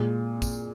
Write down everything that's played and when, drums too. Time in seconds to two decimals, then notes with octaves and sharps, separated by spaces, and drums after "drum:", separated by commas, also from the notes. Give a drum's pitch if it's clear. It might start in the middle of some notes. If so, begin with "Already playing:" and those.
Already playing: A#2 G#3
0.42 drum: kick, tambourine